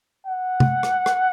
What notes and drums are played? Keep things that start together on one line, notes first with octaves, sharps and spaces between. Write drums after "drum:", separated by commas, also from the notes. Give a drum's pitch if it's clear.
F#5
drum: tom
drum: rim click
drum: rim click